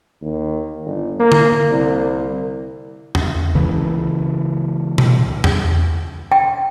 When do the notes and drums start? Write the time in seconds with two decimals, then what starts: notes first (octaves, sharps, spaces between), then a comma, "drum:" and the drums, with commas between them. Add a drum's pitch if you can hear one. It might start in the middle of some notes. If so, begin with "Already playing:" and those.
0.22 D#2
0.86 G1
1.19 A#3
1.32 drum: tom D3
1.69 C2
3.15 drum: tom E2
3.55 C#2 C#3 E3
4.98 drum: tom B2
5.44 drum: tom E2
6.32 G5